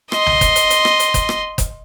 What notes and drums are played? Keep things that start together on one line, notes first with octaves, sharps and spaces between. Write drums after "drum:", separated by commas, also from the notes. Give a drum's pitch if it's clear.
D#5 C6, drum: rim click
drum: tom C2
drum: kick F#1, hi-hat
drum: hi-hat
drum: hi-hat
drum: rim click
drum: hi-hat
drum: kick F#1, hi-hat
drum: rim click
drum: kick F#1, hi-hat